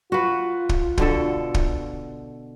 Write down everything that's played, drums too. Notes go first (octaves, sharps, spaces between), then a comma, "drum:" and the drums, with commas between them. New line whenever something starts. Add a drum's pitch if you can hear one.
F4 F#4 B4
drum: kick
B2 D3 A4, drum: kick
drum: kick